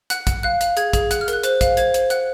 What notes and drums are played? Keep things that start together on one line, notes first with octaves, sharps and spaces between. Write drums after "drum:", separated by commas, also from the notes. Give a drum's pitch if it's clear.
F#5 F#6, drum: hi-hat
F#5, drum: kick, hi-hat
F5 F#6
F5, drum: hi-hat
G#4 G#6, drum: hi-hat
G#4, drum: kick, hi-hat
F#5 F#6, drum: hi-hat
F6
A#4, drum: hi-hat
F#6
C5 F#6, drum: hi-hat
F5, drum: kick, hi-hat
C5 G#6, drum: hi-hat
C5, drum: hi-hat
F#5 F#6, drum: hi-hat